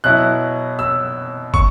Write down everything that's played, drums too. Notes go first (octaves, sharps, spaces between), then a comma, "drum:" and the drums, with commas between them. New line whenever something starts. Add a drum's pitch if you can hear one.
B2 F#3 E4 F#6
E6
C#6, drum: kick